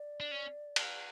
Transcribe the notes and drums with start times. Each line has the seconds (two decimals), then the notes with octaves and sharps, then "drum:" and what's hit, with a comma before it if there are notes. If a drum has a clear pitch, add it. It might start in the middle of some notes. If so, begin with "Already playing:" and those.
Already playing: D5
0.20 D4
0.31 C#4
0.76 drum: cymbal